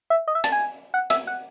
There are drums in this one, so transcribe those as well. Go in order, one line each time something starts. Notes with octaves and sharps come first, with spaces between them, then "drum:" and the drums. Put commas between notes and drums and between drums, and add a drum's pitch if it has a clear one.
E5
D#5
E5
A5, drum: hi-hat
G#5
F#5
E5, drum: hi-hat
F#5